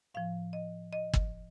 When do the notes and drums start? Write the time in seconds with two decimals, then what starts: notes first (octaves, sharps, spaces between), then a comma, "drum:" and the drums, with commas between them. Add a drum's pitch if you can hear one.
0.14 A2 F3 F5
0.53 D#5
0.93 D#5
1.13 drum: kick